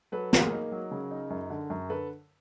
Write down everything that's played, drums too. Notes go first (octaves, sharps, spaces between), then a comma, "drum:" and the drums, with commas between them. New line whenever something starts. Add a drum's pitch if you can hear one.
F#3 A4 B4
A#3 B4, drum: snare
G#4 A#4
D#4
F#3
C#3
D#4
F#2
D3
F#2
D3 A4 B4